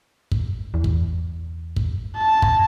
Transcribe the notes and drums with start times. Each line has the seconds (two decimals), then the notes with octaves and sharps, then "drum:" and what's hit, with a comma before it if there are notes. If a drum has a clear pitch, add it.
0.32 drum: kick
0.74 E2
0.84 drum: kick
1.76 drum: kick
2.16 A5
2.42 drum: kick